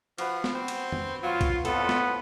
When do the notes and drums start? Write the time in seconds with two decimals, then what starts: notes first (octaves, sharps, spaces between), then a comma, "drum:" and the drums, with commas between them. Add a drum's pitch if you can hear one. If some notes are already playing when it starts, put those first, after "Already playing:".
0.18 F3 F#4 B4 F#5, drum: cymbal
0.44 drum: snare
0.55 C4
0.68 drum: cymbal
0.92 drum: tom
1.23 F#3 F4
1.41 drum: kick, cymbal
1.65 F2 A2 B3 F4 A4, drum: cymbal
1.89 drum: snare